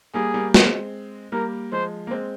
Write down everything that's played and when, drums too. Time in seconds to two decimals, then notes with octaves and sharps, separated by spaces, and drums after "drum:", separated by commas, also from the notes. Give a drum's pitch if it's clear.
0.14 G3 A#3 G#4
0.34 G3 A#3
0.54 G#3 C4, drum: snare
1.32 G3 A#3 A#4
1.72 F3 G#3 C5
2.07 A#3
2.11 G#3 C4